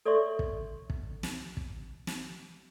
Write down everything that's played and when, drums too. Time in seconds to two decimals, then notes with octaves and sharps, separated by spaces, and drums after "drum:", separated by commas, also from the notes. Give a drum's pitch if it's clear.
0.06 A4 C#5 D5 E5 C6 C#6
0.39 drum: kick
0.90 drum: kick
1.23 drum: snare
1.57 drum: kick
2.07 drum: snare